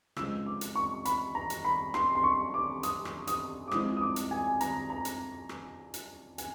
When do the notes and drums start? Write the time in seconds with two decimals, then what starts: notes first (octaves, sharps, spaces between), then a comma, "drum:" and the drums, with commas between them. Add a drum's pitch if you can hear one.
0.16 C#3 F3 G#3 E6, drum: rim click
0.46 D6
0.61 drum: hi-hat
0.76 C#6
1.05 B5, drum: hi-hat
1.35 A#5
1.50 drum: hi-hat
1.65 B5
1.94 C6, drum: rim click
2.15 C6
2.24 C#6
2.54 D6
2.83 D#6, drum: hi-hat
3.05 drum: rim click
3.27 D#6, drum: hi-hat
3.68 D6
3.71 F3 G#3 C4 E4 D#6, drum: rim click
3.97 D#6
4.01 D6
4.16 drum: hi-hat
4.31 G#5
4.61 A#5, drum: hi-hat
4.90 A#5
5.05 drum: hi-hat
5.49 drum: rim click
5.94 drum: hi-hat
6.38 G#5, drum: hi-hat